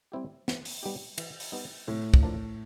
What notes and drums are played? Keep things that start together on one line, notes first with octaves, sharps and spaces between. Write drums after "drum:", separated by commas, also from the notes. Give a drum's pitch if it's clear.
G3 C4 E4 G4
E3, drum: snare
drum: open hi-hat
G3 B3 D#4 G4
E3, drum: cymbal
drum: open hi-hat
G3 B3 D#4 G4
A2 C3
drum: kick
F3 A#3 D4